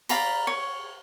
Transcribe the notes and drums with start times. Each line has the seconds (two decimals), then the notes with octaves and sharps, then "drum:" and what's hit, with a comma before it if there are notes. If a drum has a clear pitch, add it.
0.09 D5 F5 A#5 B5, drum: cymbal
0.47 C#5